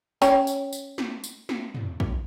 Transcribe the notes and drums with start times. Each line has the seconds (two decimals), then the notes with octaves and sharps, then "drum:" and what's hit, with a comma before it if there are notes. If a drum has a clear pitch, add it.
0.22 C#4 C#5 G5, drum: tambourine
0.47 drum: tambourine
0.73 drum: tambourine
0.98 drum: snare
1.24 drum: tambourine
1.49 drum: snare
1.75 drum: tom
2.00 drum: kick